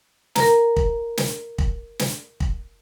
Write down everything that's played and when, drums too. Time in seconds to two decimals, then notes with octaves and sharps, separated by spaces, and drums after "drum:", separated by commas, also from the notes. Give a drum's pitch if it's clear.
0.36 A#4 A#5, drum: snare
0.76 drum: kick
1.17 drum: snare
1.58 drum: kick
1.99 drum: snare
2.40 drum: kick